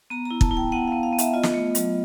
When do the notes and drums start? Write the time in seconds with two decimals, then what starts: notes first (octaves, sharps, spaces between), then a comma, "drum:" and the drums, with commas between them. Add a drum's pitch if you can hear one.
0.10 B3 A#5
0.25 A#5
0.31 E4
0.41 A5, drum: kick
0.51 E4
0.57 G5
0.72 B3 F#5
0.88 F5
0.92 B3
1.03 F5
1.13 B3
1.18 E5, drum: hi-hat
1.34 F4 D#5
1.43 drum: snare
1.54 A3
1.75 F#3, drum: hi-hat